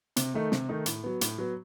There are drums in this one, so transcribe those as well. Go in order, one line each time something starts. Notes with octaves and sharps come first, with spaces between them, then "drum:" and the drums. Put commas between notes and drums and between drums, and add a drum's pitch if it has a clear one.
C3, drum: hi-hat
D#3 A3 D#4
C3, drum: snare
D#3 A3 D#4
A2, drum: hi-hat
F#3 B3
A2, drum: hi-hat
F#3 B3